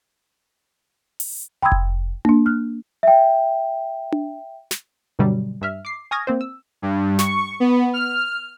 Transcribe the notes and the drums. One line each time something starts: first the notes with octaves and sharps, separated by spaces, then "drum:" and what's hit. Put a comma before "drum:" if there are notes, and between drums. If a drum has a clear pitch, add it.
drum: open hi-hat
G5 B5 C6 D#6 E6 G#6
drum: kick F1
A#3 D4, drum: tom D4
F6 F#6
E5 G5
drum: tom D4
drum: snare
G2 B2 D3 F#3 G3
G2 E5 F6
D6 C7
G#5 C#6 D#6 F6 G#6 A#6
A#3 C4 C5
E6
G2
C#6, drum: snare
B3
F6